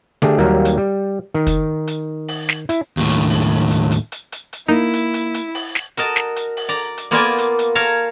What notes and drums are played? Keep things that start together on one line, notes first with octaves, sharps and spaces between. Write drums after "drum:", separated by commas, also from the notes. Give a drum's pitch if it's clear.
A3 D4 G4 G#4, drum: tom D3
D#2 F#3 G3 A#3 F5 A#5
drum: hi-hat
G3
D#3
drum: kick, hi-hat
drum: hi-hat
drum: open hi-hat
drum: snare
E4, drum: hi-hat
D#2 A2
drum: hi-hat
drum: open hi-hat
drum: hi-hat
drum: hi-hat
drum: hi-hat
drum: hi-hat
drum: hi-hat
A#3 D#4 E4
drum: hi-hat
drum: hi-hat
drum: hi-hat
drum: open hi-hat
drum: snare
F#4 A#4 D#5 A5, drum: hi-hat
drum: snare
drum: hi-hat
drum: open hi-hat
D5 A#5
drum: hi-hat
A#3 B3 F4 A#4 D5 G#5
drum: hi-hat
drum: hi-hat
A#4 C#5 F5 A5 A#5